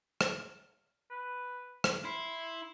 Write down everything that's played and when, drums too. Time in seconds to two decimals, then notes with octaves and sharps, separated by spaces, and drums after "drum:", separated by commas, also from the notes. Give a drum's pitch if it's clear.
0.21 drum: rim click
1.10 B4
1.84 drum: rim click
2.05 E4 C6